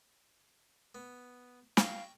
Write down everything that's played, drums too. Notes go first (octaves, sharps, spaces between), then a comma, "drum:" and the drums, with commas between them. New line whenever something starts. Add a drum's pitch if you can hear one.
B3
F5 G5 A#5 C#6, drum: snare